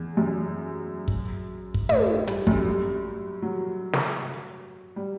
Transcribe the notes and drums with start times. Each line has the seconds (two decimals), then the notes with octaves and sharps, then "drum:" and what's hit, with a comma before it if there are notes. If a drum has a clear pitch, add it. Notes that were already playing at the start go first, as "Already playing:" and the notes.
Already playing: E2
0.17 F#2
1.08 drum: kick
1.74 drum: kick
1.89 A2, drum: tom
2.27 G2, drum: hi-hat
2.47 F#2, drum: kick
2.66 G2
3.42 F#3
3.93 drum: snare
4.96 G3